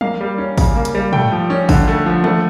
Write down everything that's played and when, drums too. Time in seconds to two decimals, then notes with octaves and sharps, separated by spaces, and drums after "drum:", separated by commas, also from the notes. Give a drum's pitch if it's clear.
0.01 A#3 F5, drum: tom
0.21 G3
0.38 C#4
0.58 C#3, drum: kick, open hi-hat
0.76 A#3
0.85 drum: hi-hat
0.95 G3
1.13 A3 G5, drum: tom
1.32 F3
1.50 C#4
1.69 D3, drum: kick, open hi-hat
1.88 A3
2.06 F3
2.24 A3, drum: tom